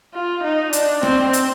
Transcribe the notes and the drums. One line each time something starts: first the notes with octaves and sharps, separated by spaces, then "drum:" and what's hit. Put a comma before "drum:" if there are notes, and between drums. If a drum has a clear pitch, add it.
F4
D#4
D4, drum: hi-hat
C4, drum: rim click
drum: hi-hat